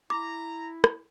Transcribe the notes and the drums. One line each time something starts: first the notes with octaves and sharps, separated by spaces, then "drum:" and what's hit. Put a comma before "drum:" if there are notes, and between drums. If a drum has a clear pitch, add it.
E4 A#5 D6
drum: rim click